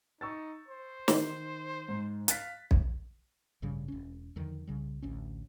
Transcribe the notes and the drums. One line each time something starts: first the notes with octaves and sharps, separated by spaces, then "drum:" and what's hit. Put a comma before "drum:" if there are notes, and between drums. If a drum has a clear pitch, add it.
D#4 C#6 E6 A6
C5
D#3, drum: snare
G#2
F5 F#6 A6 B6, drum: hi-hat
drum: kick B1
A1 G2 C#3 G3
E1 C#4
E2 D3 D#3 F3
C2 C#3 G3
A1 D2 C#4